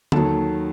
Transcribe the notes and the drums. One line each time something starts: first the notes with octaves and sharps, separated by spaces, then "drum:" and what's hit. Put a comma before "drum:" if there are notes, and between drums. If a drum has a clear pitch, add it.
D#2 D#3 F#3 A4 A5, drum: tom D3